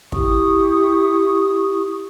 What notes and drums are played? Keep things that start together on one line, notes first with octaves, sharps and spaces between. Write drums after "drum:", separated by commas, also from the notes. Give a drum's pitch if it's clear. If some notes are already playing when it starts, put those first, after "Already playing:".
E4 G4 C#6 D#6, drum: kick